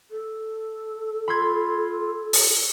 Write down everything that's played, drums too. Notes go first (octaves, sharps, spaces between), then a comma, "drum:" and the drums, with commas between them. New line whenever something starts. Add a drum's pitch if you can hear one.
A4
F4 B5 C6 G#6
drum: open hi-hat